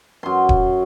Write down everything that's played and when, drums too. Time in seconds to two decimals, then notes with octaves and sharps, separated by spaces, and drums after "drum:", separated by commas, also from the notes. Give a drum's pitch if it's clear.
0.23 F#2 C6
0.49 drum: kick D#1